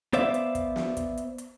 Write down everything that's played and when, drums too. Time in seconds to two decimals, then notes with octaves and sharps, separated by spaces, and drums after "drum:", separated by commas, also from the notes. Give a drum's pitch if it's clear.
0.13 B3 C5 D5 E5 F5, drum: hi-hat
0.34 drum: hi-hat
0.55 drum: kick, hi-hat
0.76 drum: snare
0.97 drum: kick, hi-hat
1.17 drum: hi-hat
1.38 drum: hi-hat